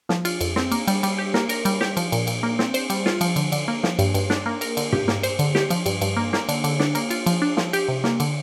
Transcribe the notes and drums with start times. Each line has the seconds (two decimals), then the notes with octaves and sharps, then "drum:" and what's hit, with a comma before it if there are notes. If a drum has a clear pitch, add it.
0.09 F3, drum: snare
0.25 F4, drum: cymbal
0.41 F2, drum: cymbal
0.56 C4, drum: snare
0.72 A#3, drum: cymbal
0.87 G3, drum: cymbal
1.03 G3, drum: cymbal
1.18 G4
1.34 A#3, drum: snare
1.49 A#4, drum: cymbal
1.65 G3, drum: cymbal
1.81 G4, drum: snare
1.97 F3, drum: cymbal
2.12 A#2, drum: cymbal
2.27 A#2, drum: cymbal
2.43 A#3
2.59 C4, drum: snare
2.74 C5, drum: cymbal
2.90 G3, drum: cymbal
3.06 F4, drum: snare
3.21 F3, drum: cymbal
3.36 D3, drum: cymbal
3.52 D3, drum: cymbal
3.68 A#3
3.83 F3, drum: snare
3.99 G2, drum: cymbal
4.14 G2, drum: cymbal
4.30 D4, drum: snare
4.46 A#3
4.61 A#4, drum: cymbal
4.77 D3, drum: cymbal
4.92 G4, drum: tom
5.08 A#3, drum: snare
5.23 C5, drum: cymbal
5.39 D3, drum: cymbal
5.55 G4, drum: snare
5.70 F3, drum: cymbal
5.86 G2, drum: cymbal
6.01 G2, drum: cymbal
6.17 A#3
6.33 A#3, drum: snare
6.49 D3, drum: cymbal
6.64 D3, drum: cymbal
6.80 D4, drum: snare
6.95 A#3, drum: cymbal
7.10 F4, drum: cymbal
7.26 F3, drum: cymbal
7.42 D4
7.57 F3, drum: snare
7.73 G4, drum: cymbal
7.88 C3
8.04 A#3, drum: snare
8.20 D3, drum: cymbal